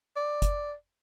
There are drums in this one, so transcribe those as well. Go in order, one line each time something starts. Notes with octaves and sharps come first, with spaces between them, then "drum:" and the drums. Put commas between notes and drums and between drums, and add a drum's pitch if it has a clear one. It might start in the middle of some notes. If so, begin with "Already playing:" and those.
D5
drum: kick, hi-hat